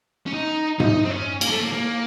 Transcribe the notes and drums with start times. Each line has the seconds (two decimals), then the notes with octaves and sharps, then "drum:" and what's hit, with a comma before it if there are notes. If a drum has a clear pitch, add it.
0.26 C#4
0.33 D#4
0.80 D#4, drum: tom G2
1.05 C4
1.10 C#4
1.41 A#3, drum: cymbal
1.50 A3
1.61 A#3
1.72 A#3